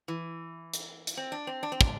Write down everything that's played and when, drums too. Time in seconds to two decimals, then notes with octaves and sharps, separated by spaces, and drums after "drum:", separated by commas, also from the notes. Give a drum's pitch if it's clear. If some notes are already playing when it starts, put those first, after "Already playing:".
0.08 E3
0.74 drum: hi-hat
1.07 drum: hi-hat
1.17 C4
1.32 D4
1.47 C4
1.63 D4
1.72 C4
1.81 D4, drum: kick